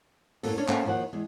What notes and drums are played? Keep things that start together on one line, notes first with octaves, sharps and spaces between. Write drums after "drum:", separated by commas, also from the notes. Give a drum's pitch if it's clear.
F#2 A2 F#3 A#3 C#4 A4, drum: open hi-hat
C#4 D4 C#5
A#3 C#4 A4 C5 F5 F#5, drum: clap
D#2 D#3 F3 F#4 F#5
E2 G#3